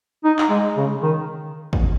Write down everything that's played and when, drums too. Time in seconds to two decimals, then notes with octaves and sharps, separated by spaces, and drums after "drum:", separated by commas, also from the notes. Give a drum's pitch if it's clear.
0.24 D#4
0.39 drum: clap
0.50 G#3
0.77 C#3
1.03 D#3
1.73 drum: kick